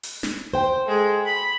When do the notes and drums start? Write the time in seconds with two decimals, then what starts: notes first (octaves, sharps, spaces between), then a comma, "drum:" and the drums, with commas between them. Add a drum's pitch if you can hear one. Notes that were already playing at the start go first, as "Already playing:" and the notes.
0.03 drum: open hi-hat
0.23 drum: snare
0.54 C5 G5
0.87 G#3 A4
1.26 B5